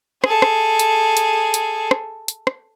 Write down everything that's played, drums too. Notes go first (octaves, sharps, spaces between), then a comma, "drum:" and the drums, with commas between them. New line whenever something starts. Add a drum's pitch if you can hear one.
G#4 A4, drum: rim click
drum: rim click
drum: hi-hat
drum: hi-hat
drum: hi-hat
drum: rim click
drum: hi-hat
drum: rim click